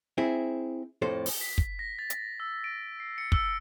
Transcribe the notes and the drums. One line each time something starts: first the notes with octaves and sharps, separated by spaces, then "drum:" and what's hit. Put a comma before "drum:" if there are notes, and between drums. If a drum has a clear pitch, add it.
C4 E4 G#4
F2 A2 A4 C5
drum: open hi-hat
B6
drum: kick
A#6
A6
drum: hi-hat
E6
D7
C7
C#7
E6, drum: kick